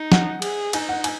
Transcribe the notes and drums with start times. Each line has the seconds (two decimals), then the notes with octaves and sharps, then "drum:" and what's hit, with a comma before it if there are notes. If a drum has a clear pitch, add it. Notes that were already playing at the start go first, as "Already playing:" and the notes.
Already playing: D#4
0.12 F#5, drum: snare
0.42 G#4, drum: cymbal
0.73 D#4 G#5, drum: cymbal
0.89 F#5
1.04 G#5, drum: cymbal